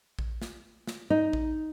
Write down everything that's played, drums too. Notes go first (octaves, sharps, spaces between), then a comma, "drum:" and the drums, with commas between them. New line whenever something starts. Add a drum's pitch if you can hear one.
drum: kick A1
drum: snare
drum: snare
D#4
drum: kick A1